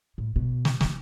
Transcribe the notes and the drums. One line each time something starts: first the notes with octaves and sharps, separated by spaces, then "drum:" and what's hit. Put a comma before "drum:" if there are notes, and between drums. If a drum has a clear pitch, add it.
A2
B2
drum: snare
E3 A3, drum: snare